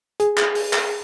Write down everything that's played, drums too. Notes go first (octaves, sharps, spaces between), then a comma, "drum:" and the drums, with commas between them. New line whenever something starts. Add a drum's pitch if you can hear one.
G#4, drum: hi-hat
drum: clap
drum: open hi-hat
drum: clap